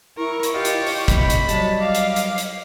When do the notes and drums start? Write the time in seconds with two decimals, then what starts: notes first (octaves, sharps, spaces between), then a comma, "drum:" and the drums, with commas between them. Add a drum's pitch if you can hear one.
0.18 E4 A#4 C#6
0.43 drum: hi-hat
0.54 F4 G4 D#5 F5 C#6
0.65 drum: hi-hat
0.86 drum: open hi-hat
1.08 A2 C3 A3 D#5 B5, drum: kick, hi-hat
1.30 drum: hi-hat
1.49 F#3 G3 A5, drum: hi-hat
1.80 F5 D6
1.95 drum: hi-hat
2.16 drum: hi-hat
2.38 drum: hi-hat